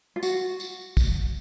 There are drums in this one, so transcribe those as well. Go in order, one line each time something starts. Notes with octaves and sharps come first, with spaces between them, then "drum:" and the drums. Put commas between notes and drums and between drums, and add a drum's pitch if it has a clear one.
F4
F#4, drum: tambourine
drum: tambourine
drum: kick, tambourine